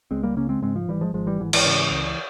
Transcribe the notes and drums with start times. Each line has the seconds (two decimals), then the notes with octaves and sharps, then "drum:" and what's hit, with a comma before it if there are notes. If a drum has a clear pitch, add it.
0.11 C#2 G#3 C4
0.23 G3 A#3
0.37 C#3 A#3 C#4
0.49 G#3 C4
0.62 G#2 G#3 C4
0.76 F3
0.88 G#1 E3 G3
1.01 F3 G#3
1.13 G#1 F3 G#3
1.27 E3 G3
1.40 G#2 E3
1.53 E3, drum: cymbal
1.66 C#3
1.91 C#2